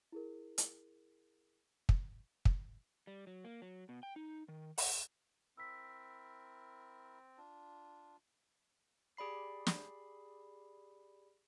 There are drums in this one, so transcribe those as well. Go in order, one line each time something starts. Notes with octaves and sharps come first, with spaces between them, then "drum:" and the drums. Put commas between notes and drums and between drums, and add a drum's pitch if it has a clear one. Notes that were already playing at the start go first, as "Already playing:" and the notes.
E4 G#4 A#4
drum: hi-hat
drum: kick
drum: kick
G3
F#3
A#3
F#3
B2
G5
D#4
D#3
F#5, drum: open hi-hat
C4 E4 A#4 E6 B6
D4 F4
G4 G#4 D5 B5 C7
drum: snare